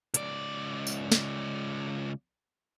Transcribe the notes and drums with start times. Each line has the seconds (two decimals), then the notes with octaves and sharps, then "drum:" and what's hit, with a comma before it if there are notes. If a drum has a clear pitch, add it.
0.14 C#2 D5, drum: hi-hat
0.87 drum: tambourine
1.12 drum: snare